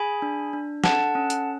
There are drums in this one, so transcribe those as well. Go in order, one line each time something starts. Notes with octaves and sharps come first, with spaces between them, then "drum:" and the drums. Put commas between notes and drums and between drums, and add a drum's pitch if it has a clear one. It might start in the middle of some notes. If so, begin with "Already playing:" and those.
Already playing: G#4 G#5 B5
D4
D4
A4 F#5 A5, drum: snare
C#4
drum: hi-hat